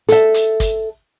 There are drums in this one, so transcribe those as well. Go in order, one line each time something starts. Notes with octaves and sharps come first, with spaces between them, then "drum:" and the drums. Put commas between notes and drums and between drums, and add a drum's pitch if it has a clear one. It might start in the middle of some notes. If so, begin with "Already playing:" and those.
A4 E5, drum: hi-hat
drum: hi-hat
drum: kick, hi-hat